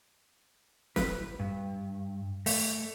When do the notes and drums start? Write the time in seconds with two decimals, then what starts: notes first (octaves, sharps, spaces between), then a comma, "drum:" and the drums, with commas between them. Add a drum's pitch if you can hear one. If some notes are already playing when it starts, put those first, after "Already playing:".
0.96 B4, drum: snare
1.40 G2
2.46 A3, drum: open hi-hat